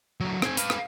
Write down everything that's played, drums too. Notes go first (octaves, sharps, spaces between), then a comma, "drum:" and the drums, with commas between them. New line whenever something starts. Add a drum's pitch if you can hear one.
D3 F#3
C4 G#5, drum: rim click
B4 F5, drum: hi-hat
drum: rim click